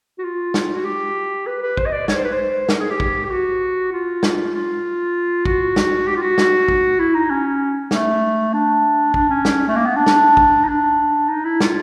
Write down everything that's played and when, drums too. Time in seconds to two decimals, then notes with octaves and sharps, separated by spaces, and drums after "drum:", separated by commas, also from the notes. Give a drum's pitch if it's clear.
0.18 F#4
0.24 F4
0.54 drum: snare
0.75 F#4
0.84 G4
1.46 B4
1.62 B4
1.77 C5, drum: kick
1.86 D#5
1.93 D5
2.08 C#5, drum: snare
2.16 C5
2.24 B4
2.32 C5
2.69 A#4, drum: snare
2.79 G#4
2.90 G4
3.00 drum: kick
3.25 G4
3.31 F#4
3.92 F4
4.23 drum: snare
4.54 F4
5.46 F#4, drum: kick
5.76 drum: snare
6.07 G4
6.16 F4
6.22 F#4
6.38 drum: snare
6.68 drum: kick
6.99 E4
7.14 D#4
7.30 C#4
7.91 A3, drum: snare
8.53 D4
9.14 D4, drum: kick
9.29 C#4
9.45 drum: snare
9.68 A3
9.75 A#3
9.86 B3
9.96 D4
10.06 D4, drum: snare
10.37 drum: kick
10.64 D#4
10.68 D4
11.29 D#4
11.44 E4
11.60 F4, drum: snare